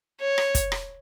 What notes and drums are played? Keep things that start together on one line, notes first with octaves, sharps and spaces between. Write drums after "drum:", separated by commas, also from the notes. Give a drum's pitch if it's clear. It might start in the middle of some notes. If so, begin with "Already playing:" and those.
C#5
drum: rim click
drum: kick, hi-hat
drum: rim click